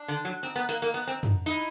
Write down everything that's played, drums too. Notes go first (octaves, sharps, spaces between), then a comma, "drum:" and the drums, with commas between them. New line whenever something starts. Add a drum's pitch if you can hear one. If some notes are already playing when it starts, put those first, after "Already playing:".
Already playing: D4
D3
F#3
C4 D#4
B3
A#3, drum: cymbal
A#3
B3
C4
drum: tom
D#4 E4